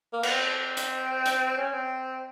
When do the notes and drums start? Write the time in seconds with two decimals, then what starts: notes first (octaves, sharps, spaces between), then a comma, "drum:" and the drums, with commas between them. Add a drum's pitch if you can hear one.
0.13 A#3
0.23 B3, drum: cymbal
0.32 C4
0.77 drum: hi-hat
1.26 drum: hi-hat
1.58 C#4
1.73 C4